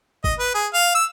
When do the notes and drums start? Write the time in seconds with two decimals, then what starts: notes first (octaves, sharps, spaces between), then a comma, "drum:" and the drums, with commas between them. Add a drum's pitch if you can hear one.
0.24 D#5, drum: kick G#1
0.39 B4
0.55 G#4
0.74 F5
0.95 E6